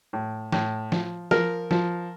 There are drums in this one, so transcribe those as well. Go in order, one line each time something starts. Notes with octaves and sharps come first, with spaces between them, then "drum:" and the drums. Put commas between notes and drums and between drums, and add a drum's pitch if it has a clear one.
A2
A2, drum: snare
F3, drum: snare
F3 A#4, drum: snare
F3, drum: snare